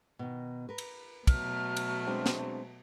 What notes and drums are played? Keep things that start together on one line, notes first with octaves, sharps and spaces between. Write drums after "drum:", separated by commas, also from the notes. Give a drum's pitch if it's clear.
B2 D#3
A#4 B4
drum: cymbal
B2 F#3 A3 F6, drum: kick, cymbal
drum: cymbal
G#3 C4 D4
drum: snare